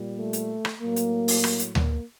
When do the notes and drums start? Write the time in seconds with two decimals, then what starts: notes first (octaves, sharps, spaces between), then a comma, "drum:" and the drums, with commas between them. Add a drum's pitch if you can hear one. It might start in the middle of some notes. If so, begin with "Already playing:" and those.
Already playing: A#2 G3
0.17 A3
0.33 drum: hi-hat
0.65 drum: rim click
0.80 A2 F#3 A#3
0.96 drum: hi-hat
1.28 drum: open hi-hat
1.44 drum: rim click
1.59 drum: hi-hat
1.75 A#3, drum: tom D2